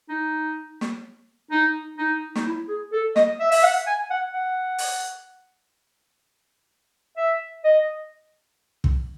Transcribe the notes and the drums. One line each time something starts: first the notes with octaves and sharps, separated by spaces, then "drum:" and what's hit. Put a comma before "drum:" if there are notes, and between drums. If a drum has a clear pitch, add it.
D#4
drum: snare
D#4
D#4
D#4, drum: snare
E4
G#4
A4
D#5, drum: snare
E5
E5, drum: open hi-hat
F#5
G#5
F#5
F#5
drum: open hi-hat
E5
D#5
drum: kick